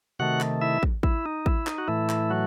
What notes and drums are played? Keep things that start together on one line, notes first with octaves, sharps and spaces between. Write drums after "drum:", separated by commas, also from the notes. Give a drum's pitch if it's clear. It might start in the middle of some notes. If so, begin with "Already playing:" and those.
C3 D#3 A3 F#4 F#5
drum: clap
E4 E5
drum: kick
E4, drum: kick
D#4
E4, drum: kick
D#4, drum: clap
F#4
A2 E3 A3 E4
drum: clap
F#3 F#4